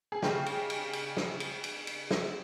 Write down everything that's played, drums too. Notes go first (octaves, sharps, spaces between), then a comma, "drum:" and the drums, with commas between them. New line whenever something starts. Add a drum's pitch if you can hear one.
G#4
C#3 G#3 G4, drum: snare
drum: cymbal
drum: cymbal
drum: cymbal
drum: snare
drum: cymbal
drum: cymbal
drum: cymbal
drum: snare